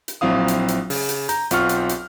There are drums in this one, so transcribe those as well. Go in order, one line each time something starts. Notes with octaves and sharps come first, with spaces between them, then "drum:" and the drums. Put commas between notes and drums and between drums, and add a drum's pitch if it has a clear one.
drum: hi-hat
A#1 F#3 C4 E4 F5 D#6
drum: hi-hat
drum: hi-hat
C#3, drum: open hi-hat
drum: hi-hat
A#5 G6, drum: hi-hat
B1 C4 F4 F#5 C#6 F6, drum: hi-hat
drum: hi-hat
drum: hi-hat